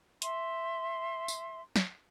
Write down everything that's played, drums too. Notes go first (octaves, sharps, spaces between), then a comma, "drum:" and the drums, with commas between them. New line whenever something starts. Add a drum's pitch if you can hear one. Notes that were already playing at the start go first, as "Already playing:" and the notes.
E5 C6, drum: hi-hat
drum: tambourine
drum: snare